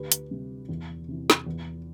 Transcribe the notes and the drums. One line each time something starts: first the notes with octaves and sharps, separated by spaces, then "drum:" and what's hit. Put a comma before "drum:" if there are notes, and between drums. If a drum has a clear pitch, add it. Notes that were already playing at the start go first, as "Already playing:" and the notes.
Already playing: D2 G4 B4
drum: hi-hat
C3 G3
E2
C3 E3
drum: snare
E2